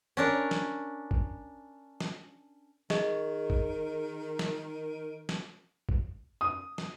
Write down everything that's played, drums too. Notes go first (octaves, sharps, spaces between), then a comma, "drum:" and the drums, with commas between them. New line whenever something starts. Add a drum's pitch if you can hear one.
C#4 D4 A#4
drum: snare
drum: kick
drum: snare
D#3 G#4 A#4 D#5, drum: snare
drum: kick
drum: snare
drum: snare
drum: kick
D#6
drum: snare